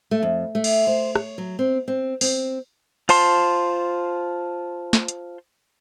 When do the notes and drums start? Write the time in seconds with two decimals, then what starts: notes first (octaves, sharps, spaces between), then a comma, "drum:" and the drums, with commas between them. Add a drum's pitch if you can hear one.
0.11 A3
0.23 F2
0.55 A3
0.64 drum: cymbal
0.87 C5
1.15 C#5, drum: rim click
1.38 F#3
1.59 C4
1.88 C4
2.21 C4, drum: open hi-hat
3.09 F4 C5 A5 C6, drum: cymbal
4.93 drum: snare
5.08 drum: hi-hat